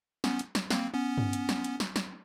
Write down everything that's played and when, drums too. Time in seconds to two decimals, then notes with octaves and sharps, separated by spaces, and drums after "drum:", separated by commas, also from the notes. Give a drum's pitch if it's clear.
0.24 B3 C#4, drum: snare
0.39 drum: hi-hat
0.55 drum: snare
0.70 A#3 C4, drum: snare
0.94 B3 C#4
1.18 drum: tom G2
1.33 drum: hi-hat
1.49 drum: snare
1.64 drum: hi-hat
1.80 drum: snare
1.96 drum: snare